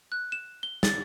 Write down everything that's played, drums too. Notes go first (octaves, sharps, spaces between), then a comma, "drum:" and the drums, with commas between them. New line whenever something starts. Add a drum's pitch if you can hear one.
F#6
E7
G7
A6, drum: snare